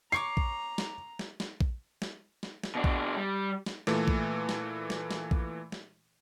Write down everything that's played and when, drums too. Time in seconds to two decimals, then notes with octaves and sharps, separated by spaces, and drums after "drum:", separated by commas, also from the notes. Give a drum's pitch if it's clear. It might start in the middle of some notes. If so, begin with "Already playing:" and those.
0.12 C#5 A#5 C#6 D6 C7
0.37 drum: kick A#1
0.78 drum: snare
1.19 drum: snare
1.40 drum: snare
1.61 drum: kick A#1
2.02 drum: snare
2.43 drum: snare
2.63 drum: snare
2.75 B2 D4
2.84 drum: kick A#1
3.17 G3
3.66 drum: snare
3.87 A#2 E3 A3, drum: snare
4.08 drum: kick A#1
4.49 drum: snare
4.90 drum: snare
5.11 drum: snare
5.31 drum: kick A#1
5.72 drum: snare